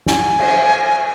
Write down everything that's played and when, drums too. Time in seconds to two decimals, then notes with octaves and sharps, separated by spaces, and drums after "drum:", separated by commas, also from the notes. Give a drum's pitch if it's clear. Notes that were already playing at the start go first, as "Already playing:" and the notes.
0.06 G#5, drum: snare
0.39 drum: cymbal